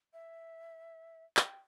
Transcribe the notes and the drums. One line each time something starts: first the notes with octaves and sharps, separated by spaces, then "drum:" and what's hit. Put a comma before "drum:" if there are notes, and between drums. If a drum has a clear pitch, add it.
E5
G5, drum: clap